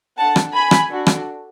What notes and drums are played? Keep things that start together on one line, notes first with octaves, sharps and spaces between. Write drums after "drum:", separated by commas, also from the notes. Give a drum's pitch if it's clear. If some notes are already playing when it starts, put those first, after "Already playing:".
D4 A4 F#5 A5
drum: rim click
G#5 B5
drum: rim click
D4 F#4 A4
drum: rim click